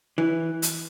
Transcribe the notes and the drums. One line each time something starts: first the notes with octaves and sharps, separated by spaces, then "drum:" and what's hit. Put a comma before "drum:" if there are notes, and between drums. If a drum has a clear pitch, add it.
E3
drum: hi-hat